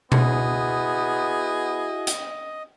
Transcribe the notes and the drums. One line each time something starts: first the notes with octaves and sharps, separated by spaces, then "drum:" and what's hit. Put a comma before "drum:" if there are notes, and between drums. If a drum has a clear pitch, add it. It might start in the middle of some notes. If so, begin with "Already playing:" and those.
B3 E4 F#4 G#4 D#5, drum: tom B2
drum: hi-hat